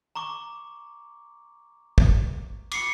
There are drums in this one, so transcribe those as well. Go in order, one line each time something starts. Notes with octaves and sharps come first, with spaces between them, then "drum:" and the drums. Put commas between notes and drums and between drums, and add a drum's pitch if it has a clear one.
A#5 C#6 D6
drum: kick
D6 C7 C#7, drum: cymbal